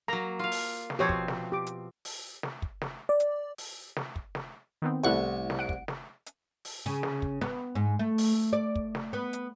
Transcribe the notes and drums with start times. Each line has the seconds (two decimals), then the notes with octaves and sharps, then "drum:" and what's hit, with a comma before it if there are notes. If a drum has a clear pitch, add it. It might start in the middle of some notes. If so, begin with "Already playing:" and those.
0.08 F#3 A#3 A#5
0.39 F4 F5
0.52 drum: open hi-hat
0.90 drum: snare
0.99 B2 F3 C4 G4 C#5
1.09 drum: kick
1.28 drum: snare
1.52 G4 D6
1.67 drum: hi-hat
2.05 drum: open hi-hat
2.43 drum: snare
2.62 drum: kick
2.81 drum: snare
3.09 D5
3.20 drum: hi-hat
3.58 drum: open hi-hat
3.96 drum: snare
4.16 drum: kick
4.35 drum: snare
4.82 D#3 B3 C4
5.04 C2 A3 E4 F#5 C#6
5.50 drum: snare
5.59 F#5 D7
5.69 drum: kick
5.88 drum: snare
6.26 drum: hi-hat
6.65 drum: open hi-hat
6.86 C#3
7.03 drum: snare
7.22 drum: kick
7.41 B3, drum: snare
7.75 G#2
7.99 A3
8.18 drum: open hi-hat
8.53 D5
8.75 drum: kick
8.95 drum: snare
9.13 B3
9.33 drum: hi-hat